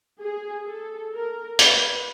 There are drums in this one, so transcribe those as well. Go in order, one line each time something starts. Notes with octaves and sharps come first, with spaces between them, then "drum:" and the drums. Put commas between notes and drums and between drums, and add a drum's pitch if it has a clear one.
G#4
A4
A#4
B4, drum: hi-hat